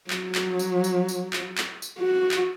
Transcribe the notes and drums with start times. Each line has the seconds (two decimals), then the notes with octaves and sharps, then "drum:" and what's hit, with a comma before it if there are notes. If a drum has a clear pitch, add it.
0.10 F#3, drum: clap
0.35 drum: clap
0.59 drum: tambourine
0.84 drum: tambourine
1.08 drum: tambourine
1.33 drum: clap
1.58 drum: clap
1.82 drum: tambourine
1.99 F#4
2.31 drum: clap